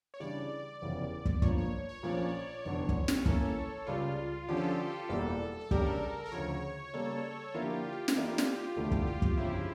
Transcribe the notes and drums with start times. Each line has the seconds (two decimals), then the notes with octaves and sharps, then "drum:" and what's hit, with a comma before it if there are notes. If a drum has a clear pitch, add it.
0.14 C#5
0.20 C#3 E3 G3 D4 D5
0.82 F1 E2 C#3 E3 D5
1.26 drum: kick
1.42 G2 F3 A#3 C#5, drum: kick
1.58 C#5
1.89 C#5
2.03 A#1 A#2 F3 A#3 C#4 D5
2.65 F1 E2 D3 C#5
2.89 drum: kick
3.08 drum: snare
3.26 E3 A#3 C#4 A4, drum: kick
3.87 C#2 C#3 G3 F4
4.48 D3 F3 C#4 G4
4.57 A4
4.65 G4
5.09 E1 E2 E3 G3 A#3 A4
5.61 A4
5.71 C#3 G3 D4 G4 A#4, drum: kick
6.26 A#4
6.32 D2 C#3 F3 C#5
6.93 C#3 G3 A#3 A4
7.54 D3 F3 A#3 E4 F4 A#4
7.62 G4
7.70 F4
7.77 G4
7.84 F4
7.92 G4
7.99 F4
8.08 G4, drum: snare
8.15 E3 A#3 E4 F4 A4 D5
8.23 G4
8.30 F4
8.38 G4, drum: snare
8.45 F4
8.53 G4
8.61 F4
8.69 G4
8.76 E1 D2 D3 A3 E4 F4
8.84 G4
8.91 F4, drum: kick
8.99 G4
9.07 F4
9.14 G4
9.22 F4, drum: kick
9.37 G1 F2 C#3 E4